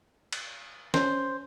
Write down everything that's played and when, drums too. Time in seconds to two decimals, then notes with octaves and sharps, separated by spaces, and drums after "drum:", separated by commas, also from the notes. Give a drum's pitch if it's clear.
0.33 drum: cymbal
0.94 C#4 C5, drum: snare